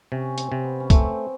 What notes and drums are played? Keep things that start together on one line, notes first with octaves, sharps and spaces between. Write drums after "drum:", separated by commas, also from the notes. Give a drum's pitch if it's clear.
C3 C#4
C4, drum: hi-hat
C3
B3
C#4
A3 C4, drum: kick, hi-hat